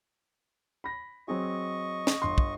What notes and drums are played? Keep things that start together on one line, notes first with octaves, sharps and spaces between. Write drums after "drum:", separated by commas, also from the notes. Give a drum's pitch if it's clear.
B5 A#6
F#3 C4 G#4 D#5 C#6
drum: snare
G1 C6
drum: kick